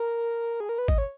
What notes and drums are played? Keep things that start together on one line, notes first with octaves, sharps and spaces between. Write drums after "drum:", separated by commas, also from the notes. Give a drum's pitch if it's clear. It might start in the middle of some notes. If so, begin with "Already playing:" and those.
Already playing: A#4
G#4
A#4
B4
D#5, drum: kick
C#5